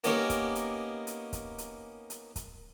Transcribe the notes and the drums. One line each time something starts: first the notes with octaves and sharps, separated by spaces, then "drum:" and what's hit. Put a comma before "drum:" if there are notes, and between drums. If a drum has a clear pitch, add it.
A#3 B3 C#4 D#4 G4 A#4, drum: hi-hat
drum: kick, hi-hat
drum: hi-hat
drum: hi-hat
drum: kick, hi-hat
drum: hi-hat
drum: hi-hat
drum: kick, hi-hat